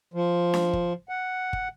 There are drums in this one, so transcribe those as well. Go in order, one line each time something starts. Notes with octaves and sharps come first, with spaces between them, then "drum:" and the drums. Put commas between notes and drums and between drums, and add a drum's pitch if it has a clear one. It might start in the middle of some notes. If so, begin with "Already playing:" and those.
F3
drum: snare D4
drum: kick G1
F#5
drum: kick G1